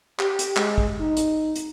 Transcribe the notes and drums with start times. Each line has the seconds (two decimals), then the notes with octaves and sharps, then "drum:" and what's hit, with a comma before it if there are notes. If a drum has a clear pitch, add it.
0.19 G4, drum: clap
0.39 drum: hi-hat
0.57 G#3, drum: clap
0.78 drum: kick
1.00 D#4
1.17 drum: hi-hat
1.56 drum: hi-hat